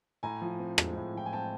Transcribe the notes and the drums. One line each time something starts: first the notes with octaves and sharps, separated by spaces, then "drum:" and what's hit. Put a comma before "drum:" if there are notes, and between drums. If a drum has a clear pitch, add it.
A2 G#5 A#5
F3
C4
G#3, drum: rim click
A2
F3 G5
G#5
C4 G5 A5